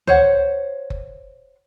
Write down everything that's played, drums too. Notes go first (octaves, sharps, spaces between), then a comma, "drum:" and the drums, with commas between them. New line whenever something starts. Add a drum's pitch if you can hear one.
C5 C#5 F#5, drum: tom C#2
drum: kick F#1